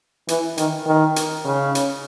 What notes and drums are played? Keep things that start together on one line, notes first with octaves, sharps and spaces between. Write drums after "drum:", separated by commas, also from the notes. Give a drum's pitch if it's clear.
E3, drum: hi-hat
D#3, drum: hi-hat
D#3
drum: hi-hat
C#3
drum: hi-hat